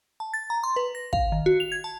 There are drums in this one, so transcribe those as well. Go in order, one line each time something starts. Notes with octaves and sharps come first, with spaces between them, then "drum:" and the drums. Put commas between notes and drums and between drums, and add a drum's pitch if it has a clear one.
A5
A6
A#5
C6
B4
A#6
F5, drum: kick
D#3
F#4
F7
G#6
A5